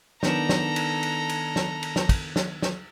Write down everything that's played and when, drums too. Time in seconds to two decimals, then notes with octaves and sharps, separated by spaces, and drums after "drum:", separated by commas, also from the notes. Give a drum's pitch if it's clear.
0.23 D#3 B3 D4 A4 A#5, drum: snare
0.49 drum: snare
0.76 drum: cymbal
1.03 drum: cymbal
1.29 drum: cymbal
1.56 drum: snare
1.83 drum: cymbal
1.96 drum: snare
2.09 drum: kick, cymbal
2.36 drum: snare
2.62 drum: snare